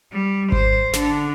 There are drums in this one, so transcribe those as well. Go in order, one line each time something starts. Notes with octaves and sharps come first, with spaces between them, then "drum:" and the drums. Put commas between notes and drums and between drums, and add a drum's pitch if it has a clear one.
G3
C5, drum: kick G#1
D3, drum: snare